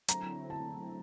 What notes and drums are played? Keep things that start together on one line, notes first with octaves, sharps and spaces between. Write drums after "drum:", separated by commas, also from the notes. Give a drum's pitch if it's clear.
D3 F#3 A3 C4 E4 A#5, drum: hi-hat
A5